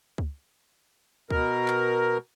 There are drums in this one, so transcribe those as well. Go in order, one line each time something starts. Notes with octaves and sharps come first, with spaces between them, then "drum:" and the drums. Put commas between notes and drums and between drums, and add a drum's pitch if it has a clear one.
drum: kick C#2
B2 A#4, drum: kick C#2
drum: clap